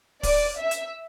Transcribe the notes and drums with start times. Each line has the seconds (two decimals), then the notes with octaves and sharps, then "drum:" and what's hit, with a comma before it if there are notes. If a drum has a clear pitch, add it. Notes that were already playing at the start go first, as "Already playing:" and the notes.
0.23 D5, drum: kick, open hi-hat
0.59 E5
0.71 drum: hi-hat